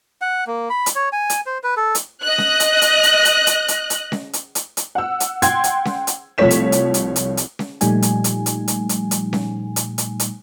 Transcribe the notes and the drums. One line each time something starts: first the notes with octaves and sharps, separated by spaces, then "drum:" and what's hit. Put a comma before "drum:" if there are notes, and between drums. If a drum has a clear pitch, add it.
F#5
A#3
B5
drum: hi-hat
C#5
G#5
drum: hi-hat
C5
B4
A4
drum: hi-hat
D#5 F#6
drum: snare C#4
drum: hi-hat
drum: hi-hat
drum: hi-hat
drum: hi-hat
drum: hi-hat
drum: hi-hat
drum: hi-hat
drum: snare C#4
drum: hi-hat
drum: hi-hat
drum: hi-hat
F#5 E6
drum: hi-hat
F#5 G5 C6 G#6, drum: hi-hat
drum: hi-hat
drum: snare C#4
drum: hi-hat
C2 F3 A3 C#5 B6 E7
drum: hi-hat
drum: hi-hat
drum: hi-hat
drum: hi-hat
drum: hi-hat
drum: snare C#4
A#2 F3 G3 A3 D#4 G#5, drum: hi-hat
drum: hi-hat
drum: hi-hat
drum: hi-hat
drum: hi-hat
drum: hi-hat
drum: hi-hat
drum: snare C#4
drum: hi-hat
drum: hi-hat
drum: hi-hat